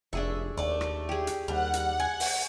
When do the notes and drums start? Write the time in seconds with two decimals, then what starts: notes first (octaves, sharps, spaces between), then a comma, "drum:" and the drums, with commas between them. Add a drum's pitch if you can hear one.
0.13 F1 D4 G#4 E5 C#6
0.57 D#2 A3 D5
0.81 drum: rim click
1.09 G4 G#4
1.27 drum: hi-hat
1.48 D#2 G3 F#5
1.74 drum: hi-hat
2.00 G#5
2.20 drum: open hi-hat